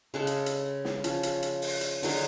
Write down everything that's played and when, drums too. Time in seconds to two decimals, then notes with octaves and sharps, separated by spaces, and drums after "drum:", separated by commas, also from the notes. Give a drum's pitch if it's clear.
0.14 C#3 G#3 A4
0.27 drum: hi-hat
0.46 drum: hi-hat
0.85 drum: snare
1.04 F3 C#4, drum: hi-hat
1.23 drum: hi-hat
1.42 drum: hi-hat
1.62 drum: open hi-hat
1.81 drum: hi-hat
2.03 D3 F#3 G#3 C#5, drum: open hi-hat